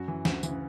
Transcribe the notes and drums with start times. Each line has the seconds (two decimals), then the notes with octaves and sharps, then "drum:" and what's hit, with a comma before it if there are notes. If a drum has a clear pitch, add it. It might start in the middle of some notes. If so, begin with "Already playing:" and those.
Already playing: F#2 F#4
0.08 E3
0.25 D2, drum: snare
0.43 C#3 E3, drum: tambourine